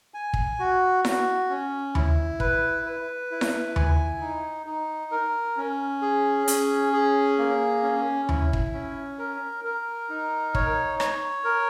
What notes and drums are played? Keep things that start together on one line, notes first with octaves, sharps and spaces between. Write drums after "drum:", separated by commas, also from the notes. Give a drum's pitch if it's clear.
G#5
drum: kick
F#4
F#4, drum: snare E4
C#4
E4, drum: tom D#2
B4, drum: kick
B4
E4
drum: snare E4
G#5, drum: tom D#2
D#4
D#4
A#4
C#4
G#4
C#4, drum: hi-hat
G#4
A#3
C#4
E4, drum: tom D#2
drum: kick
C#4
A#4
A#4
D#4
C#5, drum: kick
C#5, drum: rim click
A#4